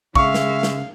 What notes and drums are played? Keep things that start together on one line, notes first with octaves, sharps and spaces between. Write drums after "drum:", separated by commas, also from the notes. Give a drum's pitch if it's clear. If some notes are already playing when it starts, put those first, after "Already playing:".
C#3 G#3 E5 F5 C#6, drum: kick
drum: snare
drum: snare